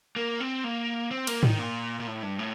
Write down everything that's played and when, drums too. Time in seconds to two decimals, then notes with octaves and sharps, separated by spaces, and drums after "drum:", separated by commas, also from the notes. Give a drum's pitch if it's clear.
0.16 A#3
0.40 C4
0.64 A#3
1.11 C4
1.27 A#3, drum: cymbal
1.43 D#3, drum: tom G#2
1.59 A#2
2.00 A#2
2.07 A2
2.23 G2
2.39 A2